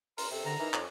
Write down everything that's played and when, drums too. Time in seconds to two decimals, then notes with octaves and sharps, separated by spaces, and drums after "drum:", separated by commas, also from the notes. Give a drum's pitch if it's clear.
0.18 A#4 C6, drum: open hi-hat
0.31 C3 A4
0.45 D3 A#5
0.59 E3 D#4 A#4
0.73 F2 C#5, drum: clap